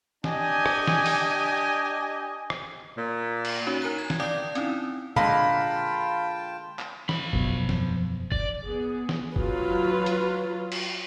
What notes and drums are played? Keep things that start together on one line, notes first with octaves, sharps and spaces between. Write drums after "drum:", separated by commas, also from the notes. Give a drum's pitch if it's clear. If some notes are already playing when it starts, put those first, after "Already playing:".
D4 G4 D#5 G#5, drum: snare
drum: rim click
drum: snare
drum: open hi-hat
drum: rim click
A#2
drum: cymbal
C#4 D#4 F#4 C#5
D#4 A#4 A#5 F#6
G#6
drum: snare
D5 F5 G5 A5 D6 D#6
C4 C#4 D#4 E4, drum: hi-hat
D3 G#3 A#3 F4 F5 G5 A5 B5, drum: tom A#2
drum: clap
F3 B5, drum: snare
E1 F#2 B2, drum: kick F#1
drum: snare
D5, drum: kick F#1
B3 G#4
drum: snare
F#3 F4 B4, drum: kick F#1
drum: hi-hat
drum: cymbal